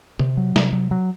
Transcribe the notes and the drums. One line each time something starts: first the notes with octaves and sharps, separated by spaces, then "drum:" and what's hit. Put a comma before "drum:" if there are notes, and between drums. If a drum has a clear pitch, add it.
C3, drum: tom
F#3
C3, drum: snare
F#3
F#3